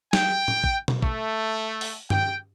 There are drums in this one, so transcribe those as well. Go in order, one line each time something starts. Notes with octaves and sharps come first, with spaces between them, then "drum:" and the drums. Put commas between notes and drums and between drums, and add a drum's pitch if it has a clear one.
G5, drum: snare
drum: tom
drum: kick
drum: tom B2
A3, drum: kick
drum: open hi-hat
G5, drum: tom G2